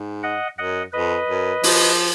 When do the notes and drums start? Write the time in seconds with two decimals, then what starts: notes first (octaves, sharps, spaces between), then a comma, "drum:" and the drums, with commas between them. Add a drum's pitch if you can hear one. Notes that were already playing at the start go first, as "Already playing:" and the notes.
Already playing: G#2
0.23 D#5 F#5
0.58 F#2 D#5 F#5
0.93 F2 B4 D#5
1.28 F#2
1.63 F3, drum: open hi-hat